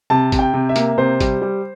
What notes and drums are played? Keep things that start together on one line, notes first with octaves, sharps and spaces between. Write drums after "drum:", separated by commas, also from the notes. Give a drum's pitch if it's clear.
C3 A5
C3, drum: kick G#1, hi-hat
G5
C3
E5
A#3, drum: hi-hat
C3 C5
G3, drum: kick G#1, hi-hat
G3